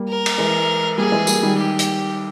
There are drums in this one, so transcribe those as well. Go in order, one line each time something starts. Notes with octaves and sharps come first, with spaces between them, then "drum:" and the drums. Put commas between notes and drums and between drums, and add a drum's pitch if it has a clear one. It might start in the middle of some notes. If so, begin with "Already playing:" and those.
Already playing: G3 A#3
A#4
drum: cymbal
E3 G#3
G3 A#3 G#4
E3 G#3
G3 A#3, drum: tambourine
D#3 G3
G4
drum: hi-hat